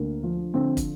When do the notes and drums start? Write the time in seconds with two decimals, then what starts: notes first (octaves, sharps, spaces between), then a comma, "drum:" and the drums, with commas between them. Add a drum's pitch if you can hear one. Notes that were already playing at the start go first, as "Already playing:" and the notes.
Already playing: D2 D3 A#3
0.23 F3
0.54 D3 C4
0.77 drum: kick, hi-hat